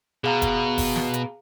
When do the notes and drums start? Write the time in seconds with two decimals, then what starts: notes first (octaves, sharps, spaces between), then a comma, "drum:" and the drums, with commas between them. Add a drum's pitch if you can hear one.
0.24 B2 G#4 F5 A#5
0.42 drum: kick F1, hi-hat
0.78 drum: kick F1, open hi-hat
0.96 drum: snare
1.14 drum: hi-hat